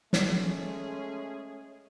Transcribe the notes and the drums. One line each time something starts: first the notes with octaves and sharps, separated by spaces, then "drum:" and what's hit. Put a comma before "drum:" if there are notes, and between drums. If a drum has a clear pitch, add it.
G#3 A3 C#4 G#4, drum: snare